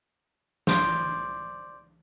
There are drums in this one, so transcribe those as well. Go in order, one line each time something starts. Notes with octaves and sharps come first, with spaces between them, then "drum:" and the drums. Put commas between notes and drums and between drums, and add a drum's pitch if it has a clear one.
C5 D5, drum: snare